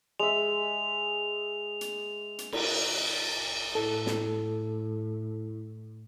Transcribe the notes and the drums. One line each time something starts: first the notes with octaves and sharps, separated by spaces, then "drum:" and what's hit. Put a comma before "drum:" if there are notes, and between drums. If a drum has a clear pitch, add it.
G#3 E5 F7
drum: hi-hat
drum: hi-hat
drum: cymbal
A2 E4 A4
drum: snare